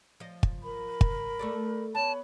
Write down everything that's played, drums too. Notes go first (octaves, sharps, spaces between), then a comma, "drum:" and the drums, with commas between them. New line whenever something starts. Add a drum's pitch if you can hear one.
F3 D#5
drum: kick
A#4 B5
drum: kick
A3 A4 D5
B3 C#5 A5 B5